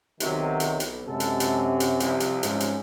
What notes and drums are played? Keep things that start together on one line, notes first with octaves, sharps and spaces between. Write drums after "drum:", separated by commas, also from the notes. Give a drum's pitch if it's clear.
B1 C3 D#3 F#3 F#4, drum: hi-hat
drum: hi-hat
drum: hi-hat
F#2 C3 G#3 A4
drum: hi-hat
drum: hi-hat
drum: hi-hat
C2 F3, drum: hi-hat
drum: hi-hat
G#2 C#4, drum: hi-hat
drum: hi-hat